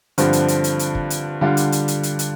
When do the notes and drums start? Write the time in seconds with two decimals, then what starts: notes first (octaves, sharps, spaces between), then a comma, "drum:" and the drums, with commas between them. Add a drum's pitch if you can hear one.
0.18 G2 D3 F3 C4, drum: hi-hat
0.33 drum: hi-hat
0.48 drum: hi-hat
0.64 drum: hi-hat
0.79 drum: hi-hat
0.95 drum: kick
1.10 drum: hi-hat
1.41 D3 G3 D4 F4
1.57 drum: hi-hat
1.72 drum: hi-hat
1.88 drum: hi-hat
2.03 drum: hi-hat
2.19 drum: hi-hat